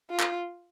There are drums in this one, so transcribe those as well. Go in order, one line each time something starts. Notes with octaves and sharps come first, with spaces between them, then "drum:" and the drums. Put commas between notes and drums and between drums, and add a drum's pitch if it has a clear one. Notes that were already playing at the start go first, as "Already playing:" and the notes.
F4
drum: clap